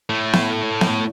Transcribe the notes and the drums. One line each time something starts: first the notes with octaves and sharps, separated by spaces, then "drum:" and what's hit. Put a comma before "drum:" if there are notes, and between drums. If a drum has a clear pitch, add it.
A2 A3
drum: snare B3
drum: snare B3